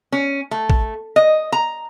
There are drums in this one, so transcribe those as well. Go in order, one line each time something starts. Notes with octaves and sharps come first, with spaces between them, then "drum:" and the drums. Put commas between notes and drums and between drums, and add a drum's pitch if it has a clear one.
C#4
A3
drum: kick A#1
D#5
A#5